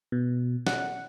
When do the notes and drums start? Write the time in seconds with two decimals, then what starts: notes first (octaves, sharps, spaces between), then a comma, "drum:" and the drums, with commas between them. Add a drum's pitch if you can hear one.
0.12 B2
0.67 F#5, drum: snare